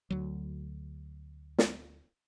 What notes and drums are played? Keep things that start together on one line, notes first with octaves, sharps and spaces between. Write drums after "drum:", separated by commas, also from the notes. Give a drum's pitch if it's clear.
D2 F#3
drum: snare